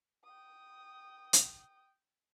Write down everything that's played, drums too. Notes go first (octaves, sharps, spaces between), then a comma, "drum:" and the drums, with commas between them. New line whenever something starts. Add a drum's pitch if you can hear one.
G5 D#6
drum: hi-hat